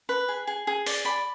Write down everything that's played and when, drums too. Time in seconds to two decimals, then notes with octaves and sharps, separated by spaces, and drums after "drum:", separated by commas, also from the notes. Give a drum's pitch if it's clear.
0.09 B4
0.28 G#4
0.47 G#4
0.67 G#4
0.86 D5, drum: open hi-hat
1.05 D5 B5